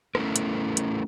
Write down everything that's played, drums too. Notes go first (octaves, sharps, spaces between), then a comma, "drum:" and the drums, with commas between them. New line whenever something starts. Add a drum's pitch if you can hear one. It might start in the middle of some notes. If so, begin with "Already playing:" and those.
A3 C#4 E4 A4 A#4, drum: rim click
drum: hi-hat
drum: hi-hat